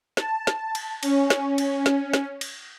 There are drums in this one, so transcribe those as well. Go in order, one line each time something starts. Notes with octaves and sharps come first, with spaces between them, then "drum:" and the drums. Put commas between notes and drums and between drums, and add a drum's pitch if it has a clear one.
A5, drum: snare
drum: snare
drum: cymbal
C#4, drum: cymbal
drum: snare
drum: cymbal
drum: snare
drum: snare
drum: cymbal